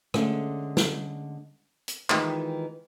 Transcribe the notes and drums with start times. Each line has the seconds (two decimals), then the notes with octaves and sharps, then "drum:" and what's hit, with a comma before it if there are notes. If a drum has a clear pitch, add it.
0.14 D3 G#3 A3 C#4, drum: rim click
0.77 drum: snare
1.88 drum: hi-hat
2.10 D#3 E3 G#3 D#4 F4 G4, drum: clap